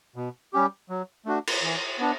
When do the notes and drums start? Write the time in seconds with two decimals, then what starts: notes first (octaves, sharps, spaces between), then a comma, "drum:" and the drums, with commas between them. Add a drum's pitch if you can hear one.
0.16 B2
0.53 G3 C#4 G4
0.89 F#3
1.26 A3 D4 F#4
1.47 drum: cymbal
1.62 E3
1.99 B3 D4